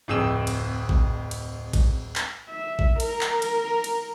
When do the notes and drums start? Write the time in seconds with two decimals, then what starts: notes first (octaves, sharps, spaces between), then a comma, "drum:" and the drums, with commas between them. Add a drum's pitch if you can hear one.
0.08 D1 F2 G#4 G5 E6 E7
0.47 drum: cymbal
0.89 drum: kick A1
1.31 drum: cymbal
1.73 drum: kick A1, cymbal
2.16 drum: clap
2.50 E5
2.79 drum: kick A1
3.00 A#4, drum: cymbal
3.21 drum: clap
3.42 drum: cymbal
3.84 drum: cymbal